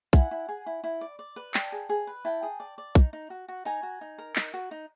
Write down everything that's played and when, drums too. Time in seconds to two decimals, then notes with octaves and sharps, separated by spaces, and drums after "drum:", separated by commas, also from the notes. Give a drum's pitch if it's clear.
0.13 E4 F#5 G#5, drum: kick
0.31 E4
0.49 G#4
0.66 E4
0.84 E4
1.01 D5
1.19 D5
1.36 B4
1.54 D5 G5 A5, drum: clap
1.72 G#4
1.89 G#4
2.07 B4
2.25 E4 G5 A5
2.43 G#4
2.60 D5
2.78 D5
2.95 D#4, drum: kick
3.13 D#4
3.30 F#4
3.48 F#4
3.65 D#4 G#5 A#5
3.83 F#4
4.01 D#4
4.18 A#4
4.36 D#4, drum: clap
4.54 F#4
4.71 D#4